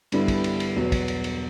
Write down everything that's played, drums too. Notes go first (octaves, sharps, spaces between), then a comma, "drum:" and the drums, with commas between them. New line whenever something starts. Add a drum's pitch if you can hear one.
G2 D3 G3 B3 E4, drum: cymbal
drum: kick, cymbal
drum: cymbal
drum: cymbal
E2 B2 F#3
drum: kick, cymbal
drum: cymbal
drum: cymbal